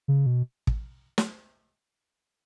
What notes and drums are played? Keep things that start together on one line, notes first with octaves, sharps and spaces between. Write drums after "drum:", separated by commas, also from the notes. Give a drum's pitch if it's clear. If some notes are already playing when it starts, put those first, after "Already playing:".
C#3
B2
drum: kick
drum: snare